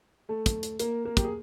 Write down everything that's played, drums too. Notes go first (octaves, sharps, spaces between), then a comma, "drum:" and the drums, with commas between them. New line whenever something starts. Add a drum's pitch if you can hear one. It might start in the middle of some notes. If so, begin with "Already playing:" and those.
A3 A4
drum: kick, hi-hat
drum: hi-hat
A#3 A#4, drum: hi-hat
A#3 A#4
G4, drum: kick, hi-hat
G#4